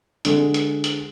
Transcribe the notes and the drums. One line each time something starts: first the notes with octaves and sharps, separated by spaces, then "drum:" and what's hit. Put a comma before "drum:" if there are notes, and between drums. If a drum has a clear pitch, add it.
D3 G#3, drum: hi-hat
drum: hi-hat
drum: hi-hat